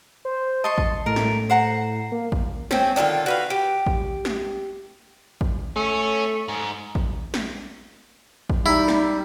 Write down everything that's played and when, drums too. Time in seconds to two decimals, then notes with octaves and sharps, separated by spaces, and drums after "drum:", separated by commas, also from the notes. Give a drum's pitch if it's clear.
0.25 C5
0.64 D#5 A5 C6 C#6
0.78 drum: kick A1
1.06 A2 A#4
1.16 drum: snare
1.50 C5 F#5 A#5
2.12 A#3
2.32 drum: kick A1
2.71 C4 C#4, drum: snare
2.96 D3 D#3 F4 A4
3.26 F#4 B4 F5
3.50 G4
3.86 drum: kick A1
4.25 drum: snare
5.41 drum: kick A1
5.76 A3 C#4
6.48 G#2
6.95 drum: kick A1
7.34 drum: snare
8.50 drum: kick A1
8.66 G3 D#4 E4
8.88 drum: snare